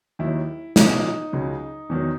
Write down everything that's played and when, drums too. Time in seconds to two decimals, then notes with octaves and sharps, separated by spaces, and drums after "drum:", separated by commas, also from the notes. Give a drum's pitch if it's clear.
0.19 D#2 D#3 F#3 E4
0.76 E1 E2 C#3 D#4, drum: snare
1.33 C#2 C#3 F#3
1.89 E2 D#3 F#3